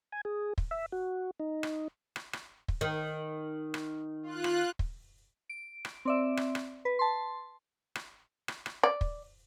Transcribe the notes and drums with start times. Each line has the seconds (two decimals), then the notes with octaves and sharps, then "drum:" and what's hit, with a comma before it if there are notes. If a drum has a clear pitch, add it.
0.12 G#5
0.25 G#4
0.58 drum: kick
0.71 E5
0.92 F#4
1.40 D#4
1.63 drum: rim click
2.16 drum: rim click
2.33 drum: rim click
2.68 drum: kick
2.81 D#3
3.74 drum: rim click
4.23 F4 F#6
4.44 drum: rim click
4.79 drum: kick
5.50 D7
5.85 drum: rim click
6.05 C4 D5 E5
6.37 drum: rim click
6.55 drum: rim click
6.85 B4
6.99 A5 C6
7.95 drum: rim click
8.48 drum: rim click
8.66 drum: rim click
8.83 D5
9.01 drum: kick